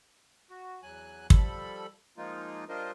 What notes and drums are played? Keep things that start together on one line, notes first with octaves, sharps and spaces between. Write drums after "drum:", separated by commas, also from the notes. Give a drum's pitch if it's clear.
F#4
E2 F#3 G#5 F#6
F3 G3 A4 B5, drum: kick
F3 G#3 A#3 D#4 F4
G3 D4 F4 A#4 C5 D#5